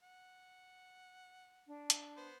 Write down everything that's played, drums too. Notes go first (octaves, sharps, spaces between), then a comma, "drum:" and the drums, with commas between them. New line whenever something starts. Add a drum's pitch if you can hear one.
F#5
D4
drum: hi-hat
B3 C5